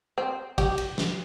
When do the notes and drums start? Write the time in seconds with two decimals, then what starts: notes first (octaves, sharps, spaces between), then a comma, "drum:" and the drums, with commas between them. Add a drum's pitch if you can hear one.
0.18 C4
0.58 G4, drum: kick, cymbal
0.78 drum: cymbal
0.98 drum: snare